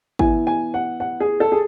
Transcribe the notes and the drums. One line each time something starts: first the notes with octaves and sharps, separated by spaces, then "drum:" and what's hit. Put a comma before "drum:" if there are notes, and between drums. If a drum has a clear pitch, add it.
E3 B3 E4 G#5, drum: kick
G#5
F#5
F#5
G#4
A4
G#4